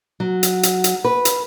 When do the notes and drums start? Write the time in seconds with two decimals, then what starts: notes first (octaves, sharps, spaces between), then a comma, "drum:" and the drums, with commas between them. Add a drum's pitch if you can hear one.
0.20 F#3
0.43 drum: hi-hat
0.63 drum: hi-hat
0.84 drum: hi-hat
1.05 B4
1.25 drum: hi-hat